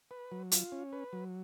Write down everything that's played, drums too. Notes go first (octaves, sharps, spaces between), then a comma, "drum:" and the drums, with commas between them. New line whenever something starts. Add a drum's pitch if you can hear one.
B4
F#3
F4, drum: hi-hat
C#4
B4
F#3